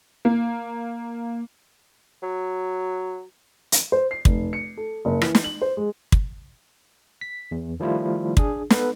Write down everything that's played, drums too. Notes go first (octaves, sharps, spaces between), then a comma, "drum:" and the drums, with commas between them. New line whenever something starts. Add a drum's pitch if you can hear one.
A#3
F#3
drum: hi-hat
C5
C7
F1, drum: kick
C#7
A4
F#1
E3, drum: rim click
drum: snare
F#7
C5
G#3
drum: kick
B6
E2
D#3 F3 G3 A3 E4 F4
D4 G#4, drum: kick
B3 A4 B4, drum: snare